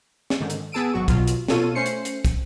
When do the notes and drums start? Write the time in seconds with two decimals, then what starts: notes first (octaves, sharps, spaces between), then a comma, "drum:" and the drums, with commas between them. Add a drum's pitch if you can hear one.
0.30 drum: snare
0.40 G#2 D3 D#3
0.50 drum: hi-hat
0.72 B3 G#4 A5 E6 D7 D#7
0.93 G#1 F#3 F#4 C#6
1.08 B2 F#3 F4, drum: kick, hi-hat
1.27 drum: hi-hat
1.48 B2 F4 A4 C#5 D#7, drum: snare
1.75 A3 C#4 C5 C7 C#7
1.86 drum: hi-hat
2.05 drum: hi-hat
2.25 drum: kick, hi-hat